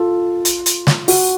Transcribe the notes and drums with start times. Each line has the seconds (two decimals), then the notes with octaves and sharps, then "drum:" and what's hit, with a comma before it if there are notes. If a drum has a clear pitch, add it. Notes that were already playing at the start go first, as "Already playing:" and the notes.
Already playing: F4 A4
0.45 drum: hi-hat
0.66 drum: hi-hat
0.87 drum: snare
1.08 F#4, drum: open hi-hat